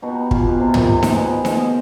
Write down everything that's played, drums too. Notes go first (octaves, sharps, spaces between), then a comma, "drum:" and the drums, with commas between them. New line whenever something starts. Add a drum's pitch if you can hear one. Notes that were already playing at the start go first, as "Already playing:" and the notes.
B2 D#4 G4
B2 F4 G#4, drum: kick
G4 B4
C3
F4
D#3, drum: tom
G4
C3 G#4
D#3 B4, drum: snare D#4
B2 G#4 C5
B2 C5 D#5, drum: snare D#4
C5 D#5